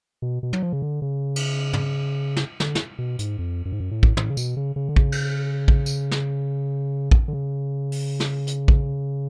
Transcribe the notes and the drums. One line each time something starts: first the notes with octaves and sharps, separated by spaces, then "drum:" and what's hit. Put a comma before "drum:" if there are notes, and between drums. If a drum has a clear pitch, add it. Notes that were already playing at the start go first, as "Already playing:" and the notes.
B2
B2
F#3, drum: tom
F3
C#3
D3
C#3
drum: cymbal
drum: tom
drum: snare
D3, drum: snare
drum: snare
B2
G#2, drum: hi-hat
F2
F#2
G#2
F#2
A2
drum: kick
A2, drum: tom
C#3
B2, drum: tambourine
C#3
C#3
D3
C#3, drum: kick
drum: cymbal
drum: kick
drum: tambourine
drum: snare
drum: kick
D3
C#3
drum: open hi-hat
drum: snare
drum: hi-hat
drum: kick